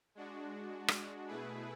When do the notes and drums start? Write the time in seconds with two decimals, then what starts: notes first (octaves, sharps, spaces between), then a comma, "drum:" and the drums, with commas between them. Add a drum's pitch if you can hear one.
0.15 G#3 D4 F#4
0.88 drum: rim click
1.28 B2 A3 E4 G#4 B4